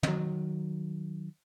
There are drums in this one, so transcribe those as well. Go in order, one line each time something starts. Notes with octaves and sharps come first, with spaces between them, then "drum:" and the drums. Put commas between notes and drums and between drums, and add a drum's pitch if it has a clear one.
D#3 F#3, drum: tom